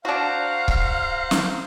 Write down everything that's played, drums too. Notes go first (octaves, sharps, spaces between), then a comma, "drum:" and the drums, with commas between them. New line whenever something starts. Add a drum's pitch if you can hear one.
D4 F#4 C5 F5 F#5 A#5
drum: kick C#1
drum: snare